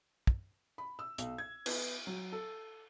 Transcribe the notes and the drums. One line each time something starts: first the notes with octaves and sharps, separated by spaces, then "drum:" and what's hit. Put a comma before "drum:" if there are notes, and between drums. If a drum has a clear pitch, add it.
drum: kick
B5
E6
B1, drum: hi-hat
G#6
B3, drum: cymbal
F#3
A4